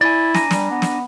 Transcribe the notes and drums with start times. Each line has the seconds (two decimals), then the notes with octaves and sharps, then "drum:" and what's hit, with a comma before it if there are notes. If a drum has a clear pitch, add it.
0.01 E4 D5 G#5
0.35 D4 G#5 A#5, drum: snare
0.51 G3, drum: snare
0.71 B3
0.82 drum: snare